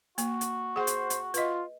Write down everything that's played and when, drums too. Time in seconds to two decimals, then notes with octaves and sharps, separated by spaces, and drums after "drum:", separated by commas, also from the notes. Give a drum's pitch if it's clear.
0.18 A#3 F#4, drum: hi-hat
0.41 drum: hi-hat
0.76 G#4 C5 F#5
0.87 drum: hi-hat
1.10 drum: hi-hat
1.34 F4 B4 D#5, drum: hi-hat